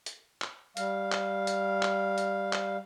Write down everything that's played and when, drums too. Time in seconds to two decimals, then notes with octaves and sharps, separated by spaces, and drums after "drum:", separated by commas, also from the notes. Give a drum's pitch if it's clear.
0.06 drum: hi-hat
0.42 drum: clap
0.77 G3 F5, drum: hi-hat
1.12 drum: clap
1.47 drum: hi-hat
1.82 drum: clap
2.18 drum: hi-hat
2.53 drum: clap